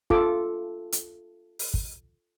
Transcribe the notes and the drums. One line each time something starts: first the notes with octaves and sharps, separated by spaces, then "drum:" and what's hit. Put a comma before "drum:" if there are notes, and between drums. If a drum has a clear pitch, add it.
F4 A4 D6, drum: kick
drum: hi-hat
drum: open hi-hat
drum: kick